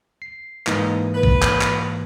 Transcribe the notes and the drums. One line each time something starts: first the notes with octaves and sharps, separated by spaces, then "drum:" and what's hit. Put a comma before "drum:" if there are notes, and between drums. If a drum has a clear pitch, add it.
C7
G#2 E3 A#3 D#4, drum: clap
B4
drum: kick
drum: clap
drum: clap